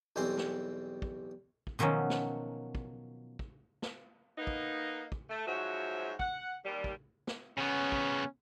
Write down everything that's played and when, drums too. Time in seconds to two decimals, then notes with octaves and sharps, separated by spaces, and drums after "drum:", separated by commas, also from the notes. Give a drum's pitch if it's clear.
0.16 B1 E2 G3 C4 G#5 C6
0.37 drum: snare
1.02 drum: kick
1.67 drum: kick
1.79 B2 D#3 F3 F#3 C#4
2.10 drum: snare
2.75 drum: kick
3.39 drum: kick
3.82 drum: snare
4.38 A#3 B3 D#4
4.47 drum: kick
5.12 drum: kick
5.30 A3
5.47 G#2 F3 F#3 F#4 E5
6.20 F#5, drum: kick
6.65 D#2 G3
6.84 drum: kick
7.27 drum: snare
7.58 C#3 B3 C#4
7.92 drum: kick